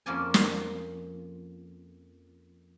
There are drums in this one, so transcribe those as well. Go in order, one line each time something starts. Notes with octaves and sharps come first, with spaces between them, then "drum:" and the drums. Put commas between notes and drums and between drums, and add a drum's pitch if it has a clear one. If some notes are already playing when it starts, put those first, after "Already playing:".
F2 F3 A#3 C#4 D5 G#5
drum: snare